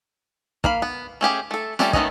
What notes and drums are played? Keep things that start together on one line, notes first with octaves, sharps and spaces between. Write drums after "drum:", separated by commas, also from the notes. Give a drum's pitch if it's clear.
A#3 F5 B5, drum: kick
B3
A3 C#4 G4 G#4
A3 A4
G3 A3 C#4 G4, drum: snare
D#3 A3 B3 C#4 D#5, drum: kick